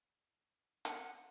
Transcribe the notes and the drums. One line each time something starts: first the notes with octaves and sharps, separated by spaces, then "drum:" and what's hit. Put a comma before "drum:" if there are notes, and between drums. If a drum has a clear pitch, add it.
F#5, drum: hi-hat